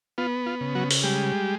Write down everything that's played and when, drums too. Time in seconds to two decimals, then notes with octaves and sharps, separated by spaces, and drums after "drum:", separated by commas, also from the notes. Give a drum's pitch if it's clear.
0.18 B3 F4
0.46 F4
0.61 C#3
0.75 F#3 F#4
0.91 drum: open hi-hat
1.03 G3 G#3 G4